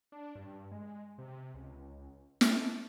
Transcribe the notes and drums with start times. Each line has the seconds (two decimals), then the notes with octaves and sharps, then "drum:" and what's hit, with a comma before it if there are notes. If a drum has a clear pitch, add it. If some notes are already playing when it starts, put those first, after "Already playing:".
0.12 D4
0.35 G2
0.71 G#3
1.18 C3
1.54 C#2
2.41 A3, drum: snare